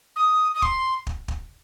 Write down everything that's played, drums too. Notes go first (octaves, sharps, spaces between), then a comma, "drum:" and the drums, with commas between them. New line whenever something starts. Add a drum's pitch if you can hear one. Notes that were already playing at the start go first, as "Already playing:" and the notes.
D#6
D#6
C6, drum: kick
drum: kick
drum: kick